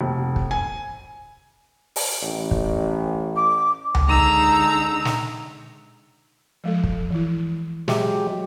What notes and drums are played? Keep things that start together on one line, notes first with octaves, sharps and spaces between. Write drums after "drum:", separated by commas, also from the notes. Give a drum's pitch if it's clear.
F1
drum: kick
G#5
drum: open hi-hat
A1
drum: kick
D6
drum: tom C#2
D3 G#3 D#4 A#5 E6
drum: snare
F3 G#3 A4
drum: kick
E3 E4
F#3 G#3 G4 E5 D6, drum: snare